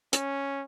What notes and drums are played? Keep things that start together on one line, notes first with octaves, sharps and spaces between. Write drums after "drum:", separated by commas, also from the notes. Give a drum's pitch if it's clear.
C#4, drum: hi-hat